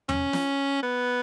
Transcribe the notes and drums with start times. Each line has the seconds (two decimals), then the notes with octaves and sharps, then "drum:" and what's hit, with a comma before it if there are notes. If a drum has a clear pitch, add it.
0.09 C#4, drum: tom E2
0.33 drum: snare
0.83 B3